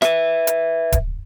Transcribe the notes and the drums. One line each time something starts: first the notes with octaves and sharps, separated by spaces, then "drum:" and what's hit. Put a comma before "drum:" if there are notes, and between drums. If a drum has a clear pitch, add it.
B4 E5, drum: rim click
drum: hi-hat
drum: kick D1, hi-hat